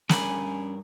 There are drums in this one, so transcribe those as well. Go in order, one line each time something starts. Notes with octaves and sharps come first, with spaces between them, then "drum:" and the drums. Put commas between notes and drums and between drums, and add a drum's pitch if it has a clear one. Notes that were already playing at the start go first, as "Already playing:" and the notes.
G2 C#4 A#4 C#5 D#5 G#5 B5, drum: snare